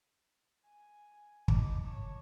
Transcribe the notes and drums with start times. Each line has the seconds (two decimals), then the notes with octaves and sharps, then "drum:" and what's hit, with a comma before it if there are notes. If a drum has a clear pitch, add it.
0.64 G#5
1.48 D#4 D6, drum: kick
1.84 C#5 A5